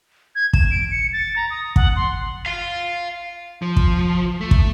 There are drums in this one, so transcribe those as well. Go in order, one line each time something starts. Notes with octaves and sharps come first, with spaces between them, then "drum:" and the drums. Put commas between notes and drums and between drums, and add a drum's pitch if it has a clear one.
G#6
E7, drum: kick
D7
C#7
A6
A#5
D#6
F#5, drum: kick
C6
F5 C6
F3
drum: kick
A3
drum: kick